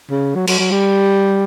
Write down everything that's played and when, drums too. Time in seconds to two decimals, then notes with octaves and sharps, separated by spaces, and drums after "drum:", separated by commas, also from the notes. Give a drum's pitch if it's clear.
0.10 C#3
0.35 F#3
0.47 F#3, drum: cymbal
0.59 F#3
0.71 G3